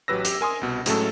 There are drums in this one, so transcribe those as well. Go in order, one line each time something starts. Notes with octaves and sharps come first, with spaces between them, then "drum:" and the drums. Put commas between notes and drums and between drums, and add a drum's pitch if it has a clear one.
A1 F#3 G4 B4 E6 A#6
G4, drum: hi-hat
A#4 G#5 C6 D#6
C2 B2
A2 F#3 G#3 A3 C#4 A4, drum: hi-hat